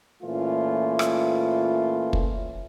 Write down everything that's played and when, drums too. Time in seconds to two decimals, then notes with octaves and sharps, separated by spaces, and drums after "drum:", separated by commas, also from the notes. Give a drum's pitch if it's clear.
0.23 A#2 E3 A3 C#4 F4
0.99 drum: rim click
2.13 drum: kick